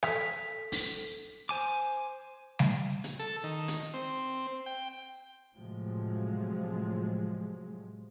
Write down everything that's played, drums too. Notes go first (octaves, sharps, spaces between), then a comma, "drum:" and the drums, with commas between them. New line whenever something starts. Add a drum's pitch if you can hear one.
A4 B6 F7, drum: rim click
drum: open hi-hat
C5 G#5 D6
drum: snare G3
drum: hi-hat
A4
D#3
drum: hi-hat
C4
G5
A2 C3 F3 F#3 G#3